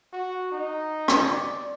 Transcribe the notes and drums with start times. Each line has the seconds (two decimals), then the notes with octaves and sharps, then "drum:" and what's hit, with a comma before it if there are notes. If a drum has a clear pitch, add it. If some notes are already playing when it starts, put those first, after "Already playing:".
0.13 F#4
0.52 D#4
1.08 drum: rim click
1.27 D5